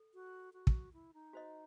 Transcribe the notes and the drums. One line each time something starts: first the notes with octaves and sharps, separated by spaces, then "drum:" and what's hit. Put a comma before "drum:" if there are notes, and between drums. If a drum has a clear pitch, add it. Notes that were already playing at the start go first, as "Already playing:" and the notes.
Already playing: A4
F#4
F#4
drum: kick
E4
D#4
F#4 C5 D#5